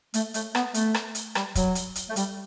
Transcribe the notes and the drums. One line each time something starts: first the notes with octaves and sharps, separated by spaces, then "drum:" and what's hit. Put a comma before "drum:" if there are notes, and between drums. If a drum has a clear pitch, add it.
A3, drum: hi-hat
A3, drum: hi-hat
B3, drum: rim click
A3, drum: hi-hat
drum: rim click
drum: hi-hat
G3, drum: rim click
F#3, drum: kick, hi-hat
drum: hi-hat
drum: hi-hat
A3
G3, drum: hi-hat